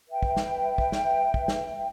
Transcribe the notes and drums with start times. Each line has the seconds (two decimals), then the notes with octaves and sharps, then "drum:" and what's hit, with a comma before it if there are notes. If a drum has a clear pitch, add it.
0.08 B4 E5 G5
0.23 drum: kick
0.36 drum: snare
0.78 drum: kick
0.92 drum: snare
1.34 drum: kick
1.48 drum: snare